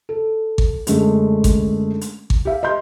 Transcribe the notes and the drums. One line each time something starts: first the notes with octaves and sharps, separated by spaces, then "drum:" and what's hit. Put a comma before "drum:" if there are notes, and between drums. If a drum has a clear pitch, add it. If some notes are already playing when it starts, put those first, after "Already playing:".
A4
drum: kick G#1
F#2 D3 G#3 A3, drum: hi-hat
drum: kick G#1, hi-hat
drum: hi-hat
drum: kick G#1
G4 E5 F5
D#5 C6 G6